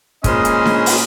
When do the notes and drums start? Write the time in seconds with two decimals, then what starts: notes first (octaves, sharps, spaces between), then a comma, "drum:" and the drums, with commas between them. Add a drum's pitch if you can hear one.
0.24 A#2 G#3 C#4 C5 D#5 B5, drum: kick, hi-hat
0.45 drum: hi-hat
0.65 drum: snare D4
0.86 drum: open hi-hat